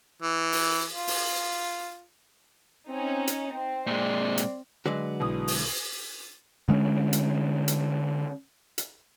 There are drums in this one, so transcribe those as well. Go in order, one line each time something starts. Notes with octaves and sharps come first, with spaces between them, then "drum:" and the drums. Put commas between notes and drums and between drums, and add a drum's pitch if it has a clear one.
E3
drum: open hi-hat
F4
drum: open hi-hat
C4 C#4 D#4
drum: hi-hat
C4 G5
A#2 G#3 D5
drum: hi-hat
D3 F#3 G#3 F#4 B4 D5
B1 E3 D#6
drum: open hi-hat
D3 G#3 B3 C#4
drum: hi-hat
drum: hi-hat
drum: hi-hat